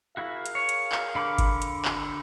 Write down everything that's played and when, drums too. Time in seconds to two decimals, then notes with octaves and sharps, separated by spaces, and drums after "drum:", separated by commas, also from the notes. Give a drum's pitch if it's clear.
0.17 E4 F#4 G#4 A#4 F5
0.46 drum: hi-hat
0.55 C#5
0.69 drum: hi-hat
0.92 drum: clap
1.15 D3 B5 D6
1.38 drum: kick G1, hi-hat
1.62 drum: hi-hat
1.85 drum: clap